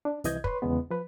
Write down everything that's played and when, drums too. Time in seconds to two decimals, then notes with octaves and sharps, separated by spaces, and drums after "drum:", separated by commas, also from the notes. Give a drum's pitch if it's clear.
0.05 D4
0.24 C2 C3 E3 D#5 G6 G#6, drum: hi-hat
0.44 B4 C#5 C6, drum: kick
0.62 E2 C#3 G#3 B3
0.91 F3 B4